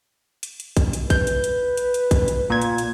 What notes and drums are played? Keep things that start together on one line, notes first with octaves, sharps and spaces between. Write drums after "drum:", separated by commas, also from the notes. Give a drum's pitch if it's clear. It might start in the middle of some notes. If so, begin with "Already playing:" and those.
drum: hi-hat
drum: hi-hat
drum: kick A#1, hi-hat
drum: hi-hat
B4 G6, drum: kick A#1, hi-hat
drum: hi-hat
drum: hi-hat
drum: hi-hat
drum: hi-hat
drum: kick A#1, hi-hat
drum: hi-hat
A#2 G#6
drum: hi-hat
drum: hi-hat